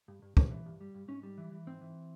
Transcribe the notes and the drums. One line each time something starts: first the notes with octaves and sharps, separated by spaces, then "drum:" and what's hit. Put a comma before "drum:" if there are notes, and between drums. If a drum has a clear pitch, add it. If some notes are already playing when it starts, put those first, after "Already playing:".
G2
G2
G2, drum: kick
E3
G2
G3
G2
G#2 C#4
G3
E3
E3
G#2 C4
E3